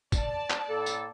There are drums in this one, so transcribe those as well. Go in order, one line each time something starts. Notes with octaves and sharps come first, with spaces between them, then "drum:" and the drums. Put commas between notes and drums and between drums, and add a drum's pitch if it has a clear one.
D5 A5, drum: kick, tambourine
drum: clap
A2 A#3 A4
drum: tambourine